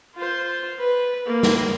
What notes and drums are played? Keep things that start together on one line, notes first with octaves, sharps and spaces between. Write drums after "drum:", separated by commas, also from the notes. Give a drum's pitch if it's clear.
F4 C5
B4
A#3
drum: snare